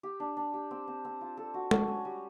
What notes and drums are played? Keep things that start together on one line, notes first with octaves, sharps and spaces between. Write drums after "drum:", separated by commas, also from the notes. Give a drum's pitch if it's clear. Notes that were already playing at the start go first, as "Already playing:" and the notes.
G4
D4
D4
G4
C4
C4
C4
F4
A4
F#4
F#4, drum: tom G#3
C#4
G3